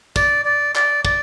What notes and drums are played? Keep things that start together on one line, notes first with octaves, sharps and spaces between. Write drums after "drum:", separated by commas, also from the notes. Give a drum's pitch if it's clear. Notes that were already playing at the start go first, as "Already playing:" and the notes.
D5, drum: kick, tambourine
D5
D5, drum: clap
D5, drum: kick